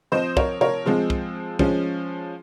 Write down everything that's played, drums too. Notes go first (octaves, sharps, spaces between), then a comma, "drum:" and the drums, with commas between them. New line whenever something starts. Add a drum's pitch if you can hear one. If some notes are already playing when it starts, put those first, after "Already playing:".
F3 C4 C5 D#5
A#4 C#5, drum: kick
A#4 C#5, drum: tom C3
F3 G#3 C4
drum: kick
F3 G#3 C#4, drum: kick